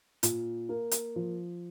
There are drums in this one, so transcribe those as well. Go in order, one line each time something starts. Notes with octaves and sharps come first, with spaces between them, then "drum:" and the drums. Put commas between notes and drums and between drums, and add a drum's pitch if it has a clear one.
A#2, drum: hi-hat
A#3
drum: hi-hat
F3